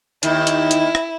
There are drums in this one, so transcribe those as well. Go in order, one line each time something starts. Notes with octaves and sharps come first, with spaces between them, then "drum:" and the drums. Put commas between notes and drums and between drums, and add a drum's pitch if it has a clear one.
D#2 D#3 E4, drum: hi-hat
drum: hi-hat
drum: hi-hat
drum: rim click